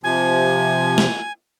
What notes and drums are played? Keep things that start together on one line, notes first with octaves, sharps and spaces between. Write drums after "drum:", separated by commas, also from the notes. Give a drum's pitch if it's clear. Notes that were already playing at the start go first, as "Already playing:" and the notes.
C3 F3 G#5
drum: snare